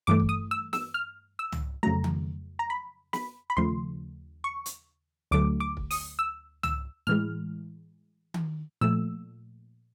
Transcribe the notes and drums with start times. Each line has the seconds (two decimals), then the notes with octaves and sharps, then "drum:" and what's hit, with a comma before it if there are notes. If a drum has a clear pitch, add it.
0.07 G2 E3 A3 D6
0.20 drum: kick
0.29 D#6
0.51 E6
0.73 E6, drum: snare
0.94 F6
1.39 E6
1.52 drum: tom
1.83 F2 C#3 F#3 A3 A#5
2.04 drum: tom D#3
2.59 A#5
2.70 B5
3.13 B5, drum: snare
3.50 B5
3.57 D#2 C#3 F3 A3 C6
4.44 C#6
4.66 drum: hi-hat
5.31 D2 D3 F#3 A3 D6
5.60 D6
5.77 drum: kick
5.91 D#6, drum: open hi-hat
6.19 E6
6.63 E6, drum: tom
7.07 A2 E3 G#3 F6
8.34 drum: tom D#3
8.81 A#2 F3 A3 E6